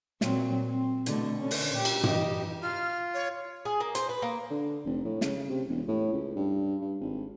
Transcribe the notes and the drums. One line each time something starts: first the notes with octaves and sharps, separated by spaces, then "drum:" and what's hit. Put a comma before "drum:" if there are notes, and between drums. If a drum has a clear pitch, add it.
A#2 F#3 C4, drum: snare
C4
B2 D3 A3, drum: hi-hat
D3 C#4
drum: open hi-hat
A#2 G4
drum: cymbal
E3 G4 D#5, drum: tom
F4 F6
C#5
G#4
A#3
C5, drum: hi-hat
B4
A#3
D3
F1
A2
C#3, drum: snare
C3
E1
A2
C#2
G2
G2
G#1